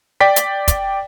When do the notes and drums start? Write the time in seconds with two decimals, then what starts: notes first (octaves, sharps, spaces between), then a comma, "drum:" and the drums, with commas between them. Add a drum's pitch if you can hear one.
0.21 D5 G5 B6
0.36 drum: hi-hat
0.68 drum: kick, hi-hat